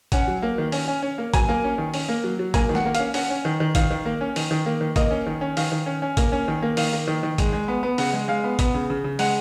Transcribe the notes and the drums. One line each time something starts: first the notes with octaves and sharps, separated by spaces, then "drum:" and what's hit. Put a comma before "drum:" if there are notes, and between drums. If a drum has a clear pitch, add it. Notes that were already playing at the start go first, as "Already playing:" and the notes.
C#4 F#5, drum: kick A1, hi-hat
F#3
A#3
D#3
C#4, drum: open hi-hat
C#4
C#4
A#3
F#3 G#5, drum: kick A1, hi-hat
A#3
C#4
D#3
C#4, drum: open hi-hat
A#3
F#3
F#3
A#3 G#5, drum: kick A1, hi-hat
D#3
F#5, drum: snare
A#3
F5, drum: hi-hat
C#4
C#4 F#5, drum: open hi-hat
C#4
D#3
D#3
D#3 F5, drum: kick A1, hi-hat
D#3
A#3
C#4
D#3, drum: open hi-hat
D#3
A#3
D#3
A#3 D#5, drum: kick A1, hi-hat
C#4
D#3
C#4
D#3 F5, drum: open hi-hat
D#3
C#4
C#4
A#3, drum: kick A1, hi-hat
C#4
D#3
A#3
D#3 F5, drum: open hi-hat
A#3
D#3
D#3
G#3, drum: kick A1, hi-hat
G#3
B3
B3
C#3 F#5, drum: open hi-hat
G#3
G#3 F5
B3
B3, drum: kick A1, hi-hat
C#3
C#3
C#3
G#3 F#5, drum: open hi-hat